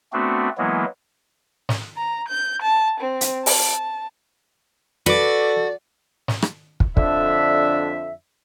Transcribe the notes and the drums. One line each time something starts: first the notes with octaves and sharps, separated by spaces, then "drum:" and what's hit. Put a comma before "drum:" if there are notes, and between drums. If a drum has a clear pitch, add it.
A3 B3 C4 D4 F#4
E3 F#3 G#3 A#3 B3 E4
drum: snare
A#5
G6
A5
C4
drum: hi-hat
A5, drum: open hi-hat
F#4 A4 B4 D5 D6
drum: snare
drum: rim click
drum: kick
F2 D3 D4 D5 E5, drum: kick